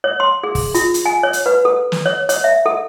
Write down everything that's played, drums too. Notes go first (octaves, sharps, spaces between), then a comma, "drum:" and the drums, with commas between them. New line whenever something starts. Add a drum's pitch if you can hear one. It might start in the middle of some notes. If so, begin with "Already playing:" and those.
C#5
C6
G#4
drum: kick, open hi-hat
F4, drum: hi-hat
drum: hi-hat
G#5
C#5
drum: hi-hat
B4
A4
drum: snare
C#5
C#5, drum: hi-hat
E5
A4